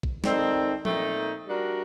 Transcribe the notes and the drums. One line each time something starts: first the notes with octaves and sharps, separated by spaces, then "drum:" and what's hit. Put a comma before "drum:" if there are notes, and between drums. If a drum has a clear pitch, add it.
drum: kick A#1
D#3 G3 C4 D#4 A4, drum: snare
A#2 A3 C4 D#4, drum: tom F3
G3 D4 F#4 A#4